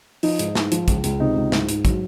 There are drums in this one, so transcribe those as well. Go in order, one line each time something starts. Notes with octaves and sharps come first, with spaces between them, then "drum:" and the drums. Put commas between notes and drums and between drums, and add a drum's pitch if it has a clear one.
F3 D#4, drum: open hi-hat
G#2, drum: hi-hat
G#2, drum: snare
F3, drum: hi-hat
C#2, drum: kick, hi-hat
C#2, drum: hi-hat
C3 D#4
C#2
G#2, drum: snare
G#2, drum: hi-hat
F#3, drum: kick, hi-hat